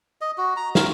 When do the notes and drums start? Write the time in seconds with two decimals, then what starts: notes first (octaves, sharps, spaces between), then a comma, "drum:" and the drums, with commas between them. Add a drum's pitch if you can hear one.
0.21 D#5
0.38 F#4
0.56 A#5
0.75 A#4, drum: snare